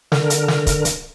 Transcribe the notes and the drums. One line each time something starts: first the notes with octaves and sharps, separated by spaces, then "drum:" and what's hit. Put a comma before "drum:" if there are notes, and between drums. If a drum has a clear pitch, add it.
D3 A#4, drum: snare
drum: hi-hat
drum: snare
drum: kick, hi-hat
drum: hi-hat